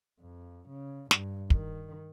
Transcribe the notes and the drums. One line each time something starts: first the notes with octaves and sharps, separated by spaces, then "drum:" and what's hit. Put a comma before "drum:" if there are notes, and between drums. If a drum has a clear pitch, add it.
F2
C#3
G2, drum: snare
D#3, drum: kick